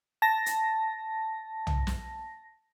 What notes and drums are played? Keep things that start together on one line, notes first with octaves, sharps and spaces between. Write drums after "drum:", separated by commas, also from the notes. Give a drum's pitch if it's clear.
A5 A#6
drum: hi-hat
drum: tom
drum: snare